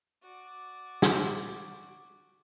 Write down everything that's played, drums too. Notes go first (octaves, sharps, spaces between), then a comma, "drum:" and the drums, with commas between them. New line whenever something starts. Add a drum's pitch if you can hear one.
F#4 D5
drum: snare